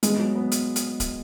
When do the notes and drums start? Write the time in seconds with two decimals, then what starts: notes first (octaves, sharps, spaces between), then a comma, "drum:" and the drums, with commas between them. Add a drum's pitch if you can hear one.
0.03 G#3 B3, drum: hi-hat
0.19 F#3
0.35 B3
0.52 drum: hi-hat
0.76 drum: hi-hat
1.00 drum: kick C#1, hi-hat